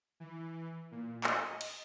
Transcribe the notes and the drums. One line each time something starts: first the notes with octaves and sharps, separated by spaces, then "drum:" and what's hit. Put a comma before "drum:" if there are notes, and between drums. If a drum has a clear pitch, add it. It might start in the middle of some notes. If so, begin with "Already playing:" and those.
E3
A#2
D#5, drum: clap
drum: cymbal